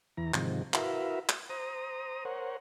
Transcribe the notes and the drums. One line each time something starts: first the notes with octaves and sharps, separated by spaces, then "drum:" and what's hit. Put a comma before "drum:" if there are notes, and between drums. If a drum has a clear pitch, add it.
E2 E3 A#5
G#2 C3 D#3 F3, drum: clap
E4 F#4 A#4 B4 E5 F5, drum: clap
drum: clap
C5 A#5 D#6
A#4 C5 C#5 F#5